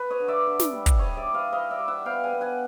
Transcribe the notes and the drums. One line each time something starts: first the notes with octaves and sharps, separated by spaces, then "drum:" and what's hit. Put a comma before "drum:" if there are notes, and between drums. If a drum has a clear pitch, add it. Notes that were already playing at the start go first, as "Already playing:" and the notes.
Already playing: B4
C#5 D#5
D3
D5 E5
D3
drum: snare
G3
drum: kick, hi-hat
G3 C#5 D#5
D5 E5
E4
D#5 F5
E4 D#5 F5
D5 E5
G3
E5 F#5
B3 F5 G5
F#5 G#5
B3
F#5 G#5